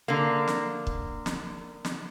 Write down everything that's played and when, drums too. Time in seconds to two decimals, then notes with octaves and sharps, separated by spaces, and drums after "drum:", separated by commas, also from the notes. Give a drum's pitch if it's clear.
0.08 D3 A#3
0.47 drum: snare
0.87 drum: kick C#1
1.26 drum: snare
1.85 drum: snare